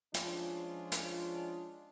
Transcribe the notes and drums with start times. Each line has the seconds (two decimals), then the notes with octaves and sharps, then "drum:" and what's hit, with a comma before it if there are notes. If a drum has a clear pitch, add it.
0.14 F3 G#3 C#4 D4 F4, drum: hi-hat
0.92 drum: hi-hat